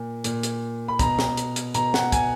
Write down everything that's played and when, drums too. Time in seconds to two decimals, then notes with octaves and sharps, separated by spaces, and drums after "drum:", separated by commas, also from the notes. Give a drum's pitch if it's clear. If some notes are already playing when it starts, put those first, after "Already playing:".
Already playing: A#2
0.24 A#2, drum: hi-hat
0.43 drum: hi-hat
0.88 B5
0.99 B2 A#5, drum: kick, hi-hat
1.19 drum: snare
1.37 drum: hi-hat
1.56 drum: hi-hat
1.75 B2 A#5, drum: hi-hat
1.94 F#5, drum: snare
2.12 G#5, drum: kick, hi-hat